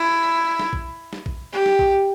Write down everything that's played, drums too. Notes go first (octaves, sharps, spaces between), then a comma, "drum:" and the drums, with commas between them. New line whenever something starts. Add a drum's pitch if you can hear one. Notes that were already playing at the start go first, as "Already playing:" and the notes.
Already playing: E4
drum: snare
drum: kick A#1
drum: snare
drum: kick A#1
G4
drum: snare
drum: kick A#1